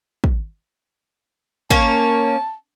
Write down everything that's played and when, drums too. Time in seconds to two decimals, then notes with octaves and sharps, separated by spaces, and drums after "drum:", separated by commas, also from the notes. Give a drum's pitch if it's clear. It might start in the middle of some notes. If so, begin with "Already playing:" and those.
0.24 drum: kick
1.70 A#3 C#4 A5, drum: kick